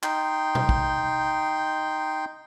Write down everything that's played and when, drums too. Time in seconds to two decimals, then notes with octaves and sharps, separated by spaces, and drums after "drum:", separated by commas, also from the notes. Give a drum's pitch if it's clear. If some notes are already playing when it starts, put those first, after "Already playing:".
0.03 D#4 G5 C6, drum: clap
0.55 drum: tom A#2
0.69 drum: kick